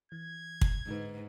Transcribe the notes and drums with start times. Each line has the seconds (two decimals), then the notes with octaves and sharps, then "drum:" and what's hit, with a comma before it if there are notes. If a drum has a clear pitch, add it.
0.12 E3 G#6
0.61 drum: kick
0.86 G#2 D3 D#4 B4